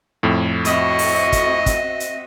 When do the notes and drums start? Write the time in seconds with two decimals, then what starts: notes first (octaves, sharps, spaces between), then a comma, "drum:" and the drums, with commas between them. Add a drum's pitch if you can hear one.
0.23 F2 A2
0.65 C4 F#4 D#5 E5 C#6, drum: hi-hat
0.99 drum: open hi-hat
1.32 drum: kick, hi-hat
1.66 drum: kick, hi-hat
2.00 drum: hi-hat